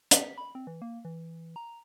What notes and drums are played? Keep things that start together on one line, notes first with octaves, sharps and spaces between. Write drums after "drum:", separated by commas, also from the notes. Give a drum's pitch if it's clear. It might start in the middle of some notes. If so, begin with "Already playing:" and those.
B6, drum: hi-hat
B5
C4
E3
A#3
E3
A#5